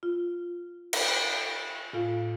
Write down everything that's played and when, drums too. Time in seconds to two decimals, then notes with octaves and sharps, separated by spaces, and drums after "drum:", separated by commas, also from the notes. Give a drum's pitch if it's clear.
0.03 F4
0.93 drum: cymbal
1.93 A2 F4 F5